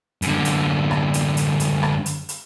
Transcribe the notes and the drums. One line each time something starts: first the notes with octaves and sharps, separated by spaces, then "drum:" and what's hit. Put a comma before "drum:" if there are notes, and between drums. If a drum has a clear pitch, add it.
F#2 D3, drum: hi-hat
drum: hi-hat
drum: rim click
drum: hi-hat
drum: hi-hat
drum: hi-hat
drum: rim click
drum: hi-hat
drum: hi-hat